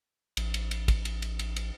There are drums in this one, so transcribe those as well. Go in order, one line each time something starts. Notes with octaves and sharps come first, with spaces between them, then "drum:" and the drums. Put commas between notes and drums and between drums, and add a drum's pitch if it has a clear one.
A1, drum: cymbal
drum: cymbal
drum: cymbal
drum: kick, cymbal
drum: cymbal
drum: cymbal
drum: cymbal
drum: cymbal